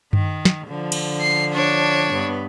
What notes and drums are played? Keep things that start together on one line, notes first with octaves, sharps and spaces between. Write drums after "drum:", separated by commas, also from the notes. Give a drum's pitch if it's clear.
D#3, drum: tom G2
drum: snare
D3 F3
drum: cymbal
C7
D4 C#5
G2 B3